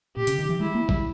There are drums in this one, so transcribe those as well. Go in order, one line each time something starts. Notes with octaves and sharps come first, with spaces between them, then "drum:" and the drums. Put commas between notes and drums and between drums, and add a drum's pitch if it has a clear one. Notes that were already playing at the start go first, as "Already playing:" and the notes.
A#2 G4
C#3, drum: hi-hat
D#3
E3
G#3 E4
A#3
G3, drum: kick A#1